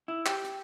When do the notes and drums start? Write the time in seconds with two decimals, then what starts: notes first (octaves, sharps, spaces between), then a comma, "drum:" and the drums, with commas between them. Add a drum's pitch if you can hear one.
0.08 E4
0.26 G4, drum: clap
0.44 drum: hi-hat